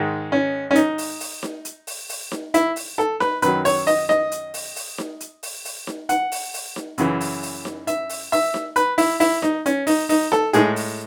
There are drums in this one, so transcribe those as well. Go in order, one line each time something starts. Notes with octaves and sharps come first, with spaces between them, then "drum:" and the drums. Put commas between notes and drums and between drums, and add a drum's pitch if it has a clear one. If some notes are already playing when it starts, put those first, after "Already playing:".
Already playing: G#2 D#3 G#3
C#4
C#4
D#4, drum: hi-hat
drum: open hi-hat
drum: open hi-hat
drum: snare D#4
drum: hi-hat
drum: open hi-hat
drum: open hi-hat
drum: snare D#4
E4, drum: hi-hat
drum: open hi-hat
A4
B4, drum: snare D#4
F#2 D#3 F#3 B4, drum: hi-hat
C#5, drum: open hi-hat
D#5, drum: open hi-hat
D#5, drum: snare D#4
drum: hi-hat
drum: open hi-hat
drum: open hi-hat
drum: snare D#4
drum: hi-hat
drum: open hi-hat
drum: open hi-hat
drum: snare D#4
F#5, drum: hi-hat
drum: open hi-hat
drum: open hi-hat
drum: snare D#4
F#2 C#3 E3, drum: hi-hat
drum: open hi-hat
drum: open hi-hat
drum: snare D#4
E5, drum: hi-hat
drum: open hi-hat
E5, drum: open hi-hat
drum: snare D#4
B4, drum: hi-hat
E4, drum: open hi-hat
E4, drum: open hi-hat
D#4, drum: snare D#4
C#4, drum: hi-hat
D#4, drum: open hi-hat
D#4, drum: open hi-hat
A4, drum: snare D#4
A2 G#3 G#4, drum: hi-hat
drum: open hi-hat